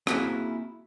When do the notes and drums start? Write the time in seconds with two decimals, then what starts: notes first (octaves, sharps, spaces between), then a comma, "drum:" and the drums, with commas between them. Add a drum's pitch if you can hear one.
0.07 A#3 C4 E4 F#4 G#4, drum: rim click